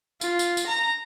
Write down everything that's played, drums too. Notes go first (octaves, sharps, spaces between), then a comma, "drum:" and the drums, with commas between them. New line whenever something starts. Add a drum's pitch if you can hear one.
F4, drum: tambourine
drum: tambourine
drum: tambourine
A#5